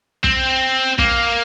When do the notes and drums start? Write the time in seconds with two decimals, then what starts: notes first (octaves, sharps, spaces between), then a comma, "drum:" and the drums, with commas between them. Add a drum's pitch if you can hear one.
0.24 C4, drum: kick
0.99 A#3, drum: kick